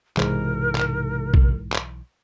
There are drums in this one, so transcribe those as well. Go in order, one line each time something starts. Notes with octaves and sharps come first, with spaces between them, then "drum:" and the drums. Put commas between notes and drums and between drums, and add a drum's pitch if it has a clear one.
B1 G#2 C3 E3 A#4, drum: clap
drum: clap
drum: kick A#1
drum: clap